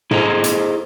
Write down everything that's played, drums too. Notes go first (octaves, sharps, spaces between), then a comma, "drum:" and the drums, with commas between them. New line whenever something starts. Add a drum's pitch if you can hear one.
E4 G#4 A4 C5 D#5 A#5, drum: tom
drum: hi-hat